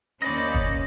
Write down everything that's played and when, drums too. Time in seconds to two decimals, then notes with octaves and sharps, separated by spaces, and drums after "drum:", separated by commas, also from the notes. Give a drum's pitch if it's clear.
0.22 D#2 C#4 C5 D5 D#5 B5 A#6
0.55 drum: kick